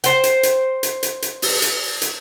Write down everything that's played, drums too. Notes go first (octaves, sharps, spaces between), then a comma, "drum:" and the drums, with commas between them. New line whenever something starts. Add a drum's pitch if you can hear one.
C5 G5, drum: hi-hat
drum: hi-hat
drum: hi-hat
drum: hi-hat
drum: hi-hat
drum: hi-hat
drum: open hi-hat
drum: hi-hat
drum: hi-hat